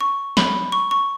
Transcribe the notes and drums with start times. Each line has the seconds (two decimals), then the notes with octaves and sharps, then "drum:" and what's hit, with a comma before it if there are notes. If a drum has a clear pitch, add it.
0.01 C#6
0.37 B5, drum: snare
0.72 C#6
0.91 C#6